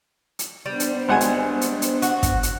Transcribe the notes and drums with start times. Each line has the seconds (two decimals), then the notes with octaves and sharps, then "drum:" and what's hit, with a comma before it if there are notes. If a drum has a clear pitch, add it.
0.39 drum: hi-hat
0.66 G3 B3 D4 C5
0.80 drum: hi-hat
1.09 G#1 F#5 G#5
1.21 drum: hi-hat
1.61 drum: hi-hat
1.82 drum: hi-hat
2.02 F#4, drum: hi-hat
2.23 drum: kick, hi-hat
2.43 drum: hi-hat